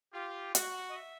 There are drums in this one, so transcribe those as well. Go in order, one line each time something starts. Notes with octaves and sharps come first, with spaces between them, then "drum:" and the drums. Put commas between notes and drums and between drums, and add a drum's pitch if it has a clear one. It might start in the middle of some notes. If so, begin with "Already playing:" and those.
F4 G4
F#4, drum: hi-hat
D#5
E5